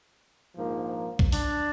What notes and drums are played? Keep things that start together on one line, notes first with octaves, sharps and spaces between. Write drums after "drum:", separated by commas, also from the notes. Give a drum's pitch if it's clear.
A#1 G#2 F3 A#3
drum: kick A#1
D4, drum: open hi-hat